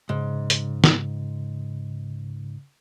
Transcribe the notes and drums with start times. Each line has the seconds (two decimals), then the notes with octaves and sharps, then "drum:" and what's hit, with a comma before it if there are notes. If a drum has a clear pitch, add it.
0.09 G#2 C#3
0.50 drum: hi-hat
0.84 drum: snare